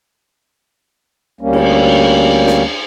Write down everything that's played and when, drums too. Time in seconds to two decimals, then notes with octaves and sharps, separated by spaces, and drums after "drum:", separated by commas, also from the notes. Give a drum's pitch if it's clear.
1.41 D2 G3 A#3 C#4
1.53 drum: cymbal
2.47 drum: snare